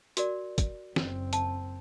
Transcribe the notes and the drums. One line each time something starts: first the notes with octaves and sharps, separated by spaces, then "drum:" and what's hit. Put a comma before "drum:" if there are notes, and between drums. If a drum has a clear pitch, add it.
F#4 A#4 D5, drum: hi-hat
drum: kick, hi-hat
F#1 C4, drum: snare
A5, drum: hi-hat